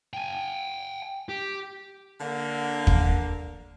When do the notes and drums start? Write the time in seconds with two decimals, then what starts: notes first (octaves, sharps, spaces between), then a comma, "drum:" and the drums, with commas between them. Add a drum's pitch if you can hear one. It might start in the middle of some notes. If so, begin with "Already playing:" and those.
0.13 G5 G#5
1.29 G4
2.20 D3 A#3
2.87 drum: kick